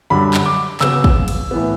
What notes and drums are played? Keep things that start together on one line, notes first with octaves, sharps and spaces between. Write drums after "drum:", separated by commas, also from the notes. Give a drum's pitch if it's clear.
F#2 D3 G3 B5
drum: clap
D6
C#3 F#3 B3 E6, drum: clap
drum: kick
drum: cymbal
A2 E3 B3